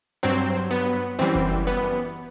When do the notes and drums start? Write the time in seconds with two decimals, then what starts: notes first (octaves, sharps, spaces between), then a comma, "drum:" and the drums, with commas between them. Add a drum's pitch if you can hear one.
0.23 G2 F#3 C4
0.71 B3
1.19 F#2 E3 G3 C4
1.35 drum: kick F#1
1.67 B3